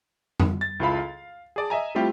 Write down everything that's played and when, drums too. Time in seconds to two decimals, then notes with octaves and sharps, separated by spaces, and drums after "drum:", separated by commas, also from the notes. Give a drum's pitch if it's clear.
0.40 drum: tom F2
0.61 A6
0.80 C#2 E4 F4 A4 F5 B5
0.99 F5
1.56 G#4 D5 A5
1.70 D#5 E5 G#5 A#5
1.95 G3 A3 C4 E4 F4 G4